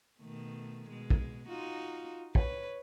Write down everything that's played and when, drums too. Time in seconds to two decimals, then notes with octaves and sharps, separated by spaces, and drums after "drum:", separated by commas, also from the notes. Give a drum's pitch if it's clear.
0.20 B2 D#3 A3
0.90 B2 G#3
1.10 drum: kick
1.49 D#4 F4 F#4
2.35 B4 C#5, drum: kick